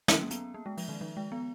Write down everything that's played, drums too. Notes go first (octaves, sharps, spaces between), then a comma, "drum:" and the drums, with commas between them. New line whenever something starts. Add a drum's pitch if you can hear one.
C#4, drum: snare
A#3
B3, drum: hi-hat
A#3
G#3
F3, drum: open hi-hat
D#3
F3
G#3
B3